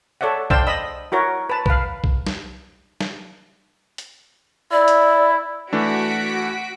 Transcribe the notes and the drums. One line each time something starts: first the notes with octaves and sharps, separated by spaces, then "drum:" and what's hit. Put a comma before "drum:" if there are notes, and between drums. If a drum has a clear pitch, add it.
A4 C#5 D5 E5 F#5
D4 C5 F5 G5 A5 E6, drum: kick B1
D#5 B5 E6
E4 F#4 A#4 C#5
B4 A5
B4 F5, drum: kick B1
drum: kick B1
drum: snare
drum: snare
drum: hi-hat
E4 D5
drum: hi-hat
E3 A3 D4 F#4 B6 D7